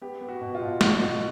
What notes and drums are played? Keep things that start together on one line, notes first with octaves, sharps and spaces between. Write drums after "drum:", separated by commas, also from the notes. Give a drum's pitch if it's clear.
B3 G4
B3
F#4
B2
F4
B2
B2, drum: snare
B2